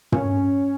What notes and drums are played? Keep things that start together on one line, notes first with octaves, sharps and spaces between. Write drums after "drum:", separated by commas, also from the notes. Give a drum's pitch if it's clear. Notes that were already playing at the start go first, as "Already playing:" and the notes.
C#4, drum: tom